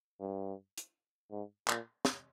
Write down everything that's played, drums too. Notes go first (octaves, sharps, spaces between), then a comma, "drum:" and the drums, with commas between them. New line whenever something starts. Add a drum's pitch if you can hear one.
G2
drum: hi-hat
G#2
A#2, drum: clap
drum: snare